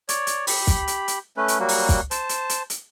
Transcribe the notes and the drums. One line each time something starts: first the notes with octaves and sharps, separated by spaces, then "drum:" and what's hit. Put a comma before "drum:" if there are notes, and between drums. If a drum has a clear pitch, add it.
C#5 D5, drum: hi-hat
drum: hi-hat
G4 B5, drum: open hi-hat
drum: kick, hi-hat
drum: hi-hat
drum: hi-hat
A3 C#4 B4
drum: hi-hat
F#3 G3 A#3 F#4
drum: open hi-hat
drum: kick, hi-hat
C5 A5, drum: hi-hat
drum: hi-hat
drum: hi-hat
drum: hi-hat